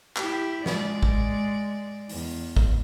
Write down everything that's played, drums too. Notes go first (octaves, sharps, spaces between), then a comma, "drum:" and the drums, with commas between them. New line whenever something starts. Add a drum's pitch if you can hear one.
E4 G4, drum: clap
G#3 D5, drum: snare
drum: kick
E2, drum: open hi-hat
drum: kick